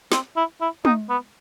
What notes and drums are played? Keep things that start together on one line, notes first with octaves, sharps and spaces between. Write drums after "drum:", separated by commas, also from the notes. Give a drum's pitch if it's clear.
C4, drum: snare
E4
E4
D#4, drum: tom
B3